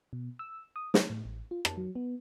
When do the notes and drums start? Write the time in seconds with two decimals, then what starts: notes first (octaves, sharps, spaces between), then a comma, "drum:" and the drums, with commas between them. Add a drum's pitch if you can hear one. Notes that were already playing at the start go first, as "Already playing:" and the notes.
0.13 B2
0.39 E6
0.76 D#6
0.94 C#5, drum: snare
1.10 A2
1.25 A1
1.51 F4
1.65 A5, drum: rim click
1.77 F#3
1.95 B3